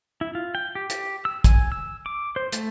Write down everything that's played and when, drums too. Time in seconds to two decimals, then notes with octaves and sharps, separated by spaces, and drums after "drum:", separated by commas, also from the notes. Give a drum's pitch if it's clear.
0.21 E4
0.35 F4
0.55 G5
0.75 G4
0.90 G4, drum: hi-hat
1.25 E6
1.44 G#5, drum: kick, hi-hat
1.72 E6
2.06 D6
2.36 C5
2.52 A3, drum: hi-hat